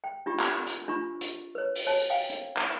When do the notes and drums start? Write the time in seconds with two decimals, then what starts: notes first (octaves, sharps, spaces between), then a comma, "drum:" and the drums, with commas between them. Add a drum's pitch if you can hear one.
0.04 G5
0.26 D4 F4 G4
0.40 drum: clap
0.67 drum: hi-hat
0.88 D4 F4 C#6
1.21 drum: hi-hat
1.55 B4 C#5
1.75 drum: open hi-hat
1.87 C#5 G#5 A5
2.10 F5 G5 G#5
2.30 drum: hi-hat
2.57 drum: clap